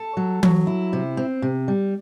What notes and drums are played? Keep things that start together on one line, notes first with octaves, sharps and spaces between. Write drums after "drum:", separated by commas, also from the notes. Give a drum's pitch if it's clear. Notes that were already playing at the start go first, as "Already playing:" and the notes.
Already playing: A4
F#3
F#3, drum: tom E3
E4
C3
C4
C3
G3